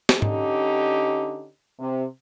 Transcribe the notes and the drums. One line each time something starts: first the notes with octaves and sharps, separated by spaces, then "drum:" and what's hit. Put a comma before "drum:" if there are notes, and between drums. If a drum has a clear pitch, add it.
drum: snare
D3 C#4 D#4 G4, drum: tom G#2
C3